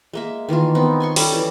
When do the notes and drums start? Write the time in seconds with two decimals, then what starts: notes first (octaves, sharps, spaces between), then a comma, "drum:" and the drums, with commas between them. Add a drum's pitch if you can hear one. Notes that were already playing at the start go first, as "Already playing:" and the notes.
0.13 G#3 A#3 E5
0.49 D#3 E3 A#3 F4
0.75 B3 C4 D#4
1.00 G#5 C6 C#6
1.16 G3 C#4 A4, drum: open hi-hat
1.33 E3 G4